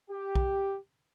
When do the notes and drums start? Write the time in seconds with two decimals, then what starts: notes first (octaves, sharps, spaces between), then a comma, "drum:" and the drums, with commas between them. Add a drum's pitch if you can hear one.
0.10 G4
0.35 drum: kick B1